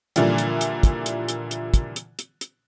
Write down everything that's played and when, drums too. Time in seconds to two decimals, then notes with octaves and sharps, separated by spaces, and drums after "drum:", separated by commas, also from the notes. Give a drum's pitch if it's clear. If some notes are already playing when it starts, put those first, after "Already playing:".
0.16 A#2 D3 E3 F3 G3, drum: hi-hat
0.38 drum: hi-hat
0.61 drum: hi-hat
0.83 drum: kick, hi-hat
1.06 drum: hi-hat
1.29 drum: hi-hat
1.51 drum: hi-hat
1.74 drum: kick, hi-hat
1.96 drum: hi-hat
2.19 drum: hi-hat
2.41 drum: hi-hat